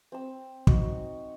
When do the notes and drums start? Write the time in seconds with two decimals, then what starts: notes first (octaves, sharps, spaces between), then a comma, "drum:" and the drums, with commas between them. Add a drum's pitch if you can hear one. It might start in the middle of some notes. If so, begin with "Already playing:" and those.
0.12 C4 E6
0.67 D#4 F#4, drum: kick